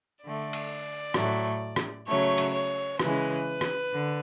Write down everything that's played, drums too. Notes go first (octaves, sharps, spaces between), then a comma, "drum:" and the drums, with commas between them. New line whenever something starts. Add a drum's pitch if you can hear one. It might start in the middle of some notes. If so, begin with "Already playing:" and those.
D3 A3 D5
drum: cymbal
A2 F#3 A3, drum: rim click
drum: rim click
C#3 F#3 A3 C#5
drum: cymbal
C#5
C#3 E3 G#3 B4, drum: rim click
drum: rim click
D3